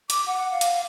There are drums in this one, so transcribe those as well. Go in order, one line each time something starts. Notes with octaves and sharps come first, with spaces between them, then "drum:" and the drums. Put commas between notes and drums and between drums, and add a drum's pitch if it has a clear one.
D6, drum: hi-hat
F#5
F5
drum: hi-hat